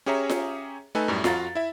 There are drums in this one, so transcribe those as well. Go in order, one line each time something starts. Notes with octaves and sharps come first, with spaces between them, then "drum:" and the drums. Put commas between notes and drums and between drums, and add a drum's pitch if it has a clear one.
C#4 G4 G#4 C#5 E5 A#5
drum: snare F4
A3 D#4 A4 B4 G#5
F#2 A2 G3
F2 F4 F#4 F5 A#5 A6, drum: snare F4
E4 E5